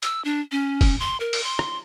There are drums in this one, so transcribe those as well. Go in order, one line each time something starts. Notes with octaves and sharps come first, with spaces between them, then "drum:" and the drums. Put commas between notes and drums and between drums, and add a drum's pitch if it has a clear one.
E6, drum: hi-hat
D4
C#4
drum: kick, open hi-hat
C6
A#4
drum: open hi-hat
C6
drum: rim click